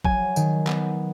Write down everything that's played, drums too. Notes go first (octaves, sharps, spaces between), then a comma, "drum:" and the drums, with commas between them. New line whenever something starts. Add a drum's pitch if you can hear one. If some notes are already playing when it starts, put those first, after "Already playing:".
F#3 G#5, drum: kick
D#3, drum: tambourine
B3, drum: clap